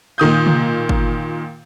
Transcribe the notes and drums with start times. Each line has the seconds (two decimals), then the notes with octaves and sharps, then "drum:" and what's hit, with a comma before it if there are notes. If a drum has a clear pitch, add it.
0.18 A#2 D#3 D#6 G6
0.46 drum: tom
0.89 drum: kick